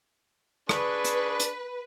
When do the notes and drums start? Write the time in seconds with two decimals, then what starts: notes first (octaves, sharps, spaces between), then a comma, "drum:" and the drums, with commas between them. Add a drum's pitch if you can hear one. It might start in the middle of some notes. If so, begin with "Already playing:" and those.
0.69 D4 G#4 B4 C#6, drum: rim click
1.04 drum: hi-hat
1.40 drum: hi-hat